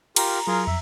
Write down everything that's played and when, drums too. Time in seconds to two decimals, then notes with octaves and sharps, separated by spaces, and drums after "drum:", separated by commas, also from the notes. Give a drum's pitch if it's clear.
0.16 F4 G4 A#4 A#5, drum: cymbal
0.47 F#3 F4 G#4 A#4
0.67 F2 E5